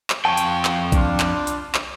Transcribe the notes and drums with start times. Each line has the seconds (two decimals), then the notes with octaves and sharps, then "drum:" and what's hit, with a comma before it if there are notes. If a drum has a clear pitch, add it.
0.10 drum: clap
0.25 F2 C#5 G5 A5 C#6
0.37 drum: hi-hat
0.65 drum: clap
0.92 G3 D4 F4, drum: kick A#1, hi-hat
1.20 drum: clap
1.47 drum: hi-hat
1.75 drum: clap